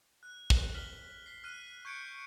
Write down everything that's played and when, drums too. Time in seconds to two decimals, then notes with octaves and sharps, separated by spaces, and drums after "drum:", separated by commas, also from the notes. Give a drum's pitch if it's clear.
0.23 F#6
0.50 drum: kick
0.74 F6 B6 F#7 G7
1.26 B6 C7
1.44 F6 F#6 D#7
1.85 C#6 G6 G#6 C#7 D7